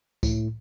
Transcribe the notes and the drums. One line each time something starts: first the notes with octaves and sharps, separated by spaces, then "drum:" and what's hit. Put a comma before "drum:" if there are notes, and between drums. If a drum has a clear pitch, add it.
A2, drum: kick C#2, tambourine